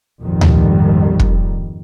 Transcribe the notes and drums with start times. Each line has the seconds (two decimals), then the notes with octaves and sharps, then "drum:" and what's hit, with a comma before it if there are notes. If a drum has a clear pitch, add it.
0.22 A#1 F2 G#2 D#3 G3
0.41 drum: tom D2
1.19 drum: kick